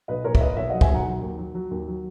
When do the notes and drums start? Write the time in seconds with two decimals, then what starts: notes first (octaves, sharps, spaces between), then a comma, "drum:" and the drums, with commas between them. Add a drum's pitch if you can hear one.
0.08 B1 B4 D#5
0.24 A#2 A#4 C#5
0.35 E5, drum: kick
0.41 A#2 B4 D#5
0.57 B1 C#5 E5
0.69 F#3 D#5 F#5
0.81 E5 G#5, drum: kick
0.90 B1 F#5 A#5
1.06 F#3
1.22 D#2
1.38 F#3
1.55 F#3
1.71 D#2
1.88 F#3